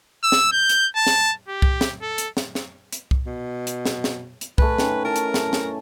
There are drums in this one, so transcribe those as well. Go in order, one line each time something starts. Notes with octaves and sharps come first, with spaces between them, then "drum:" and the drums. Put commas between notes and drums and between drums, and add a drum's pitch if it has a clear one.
E6
drum: snare
G6
drum: hi-hat
A5
drum: snare
G4
drum: kick C2
drum: snare
A4
drum: hi-hat
drum: snare
drum: snare
drum: hi-hat
drum: kick C2
B2
drum: hi-hat
drum: snare
drum: snare
drum: hi-hat
A3 G#4 B4, drum: kick C2
D#3 C#4, drum: snare
E3 A#4 A5
drum: hi-hat
drum: snare
drum: snare